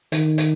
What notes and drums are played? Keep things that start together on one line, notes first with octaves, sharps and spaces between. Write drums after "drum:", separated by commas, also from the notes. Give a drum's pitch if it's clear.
D#3, drum: hi-hat
drum: hi-hat